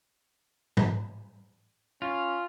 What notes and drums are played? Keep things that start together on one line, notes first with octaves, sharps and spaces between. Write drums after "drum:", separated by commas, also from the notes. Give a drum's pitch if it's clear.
drum: tom G#2
C#4 F4